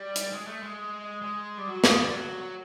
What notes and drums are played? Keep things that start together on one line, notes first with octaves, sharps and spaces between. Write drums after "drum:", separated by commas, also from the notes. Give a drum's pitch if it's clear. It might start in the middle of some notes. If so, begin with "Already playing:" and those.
Already playing: G3
drum: hi-hat
G#3
A3
G#3
G#3
G3
F#3
G#3, drum: snare
G3
F#3